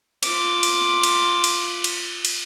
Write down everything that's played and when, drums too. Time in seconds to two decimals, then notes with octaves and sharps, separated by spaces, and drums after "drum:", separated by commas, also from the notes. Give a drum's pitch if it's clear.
0.23 F4 D6, drum: cymbal
0.63 drum: cymbal
1.03 drum: cymbal
1.44 drum: cymbal
1.84 drum: cymbal
2.25 drum: cymbal